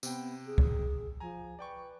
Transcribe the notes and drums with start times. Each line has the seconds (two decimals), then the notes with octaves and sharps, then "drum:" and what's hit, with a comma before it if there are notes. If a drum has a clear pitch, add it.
0.03 C3 B3 G5, drum: tambourine
0.46 G#4
0.58 drum: kick
1.20 F3 G#5 A#5
1.59 B4 D5 G5 C#6